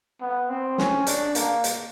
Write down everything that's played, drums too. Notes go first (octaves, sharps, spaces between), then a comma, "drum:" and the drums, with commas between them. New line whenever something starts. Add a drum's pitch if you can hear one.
B3
C4
C#4, drum: snare
D4, drum: hi-hat
A#3, drum: hi-hat
drum: hi-hat